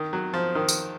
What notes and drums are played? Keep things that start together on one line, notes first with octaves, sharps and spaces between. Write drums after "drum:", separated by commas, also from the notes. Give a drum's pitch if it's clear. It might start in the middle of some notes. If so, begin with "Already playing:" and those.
Already playing: D#3
F#3
F3
D#3
drum: tambourine